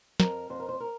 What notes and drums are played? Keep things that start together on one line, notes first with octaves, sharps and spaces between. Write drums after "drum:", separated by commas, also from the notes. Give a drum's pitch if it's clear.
F2 A#4, drum: snare
F2 C5
A#4
C5
A#4